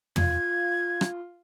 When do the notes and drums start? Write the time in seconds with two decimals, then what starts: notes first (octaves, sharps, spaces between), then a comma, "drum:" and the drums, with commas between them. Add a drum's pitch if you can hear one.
0.16 F4 G#6, drum: tom
1.01 drum: rim click